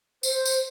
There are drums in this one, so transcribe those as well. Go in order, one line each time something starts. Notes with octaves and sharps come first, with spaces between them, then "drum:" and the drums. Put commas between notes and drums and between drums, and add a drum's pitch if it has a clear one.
C5, drum: tambourine
drum: tambourine